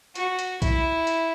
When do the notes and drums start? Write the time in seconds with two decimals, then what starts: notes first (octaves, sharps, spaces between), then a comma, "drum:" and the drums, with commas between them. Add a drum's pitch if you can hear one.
0.15 F#4, drum: hi-hat
0.39 drum: hi-hat
0.62 E4, drum: kick, hi-hat
1.07 drum: hi-hat